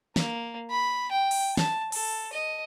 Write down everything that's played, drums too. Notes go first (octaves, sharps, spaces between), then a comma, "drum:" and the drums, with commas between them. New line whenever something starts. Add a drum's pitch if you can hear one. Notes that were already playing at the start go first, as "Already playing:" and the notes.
A#3, drum: snare
B5
G5
drum: open hi-hat
A5, drum: snare
A4, drum: open hi-hat
D#5